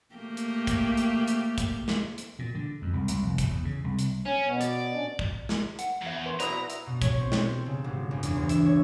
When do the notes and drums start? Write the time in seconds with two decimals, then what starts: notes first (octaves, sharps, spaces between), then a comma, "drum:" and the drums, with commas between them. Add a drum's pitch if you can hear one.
0.15 A3 A#3 G4
0.37 drum: hi-hat
0.67 drum: kick, hi-hat
0.97 drum: hi-hat
1.28 drum: hi-hat
1.58 drum: kick, hi-hat
1.88 drum: snare
2.18 drum: hi-hat
2.39 A#2
2.55 D3
2.82 F2
2.93 C2
3.08 C2, drum: hi-hat
3.22 F1
3.38 drum: kick, hi-hat
3.49 E2
3.65 C#3
3.84 C2
3.99 drum: hi-hat
4.25 C#4
4.45 B2 B3
4.61 D5, drum: hi-hat
4.92 A#2 C#4 D4
5.19 drum: kick
5.49 drum: snare
5.79 F#5, drum: hi-hat
6.02 E2 F4 E5
6.26 B4 C6 C#6
6.40 B1 E4 B4 D5 A#5 D#6, drum: hi-hat
6.70 drum: hi-hat
6.87 B2
7.02 C#5, drum: kick, hi-hat
7.20 C4
7.32 A4, drum: snare
7.66 C#3
7.84 G#1
8.11 G1
8.23 E2, drum: hi-hat
8.36 D2
8.49 E5, drum: hi-hat
8.66 C#5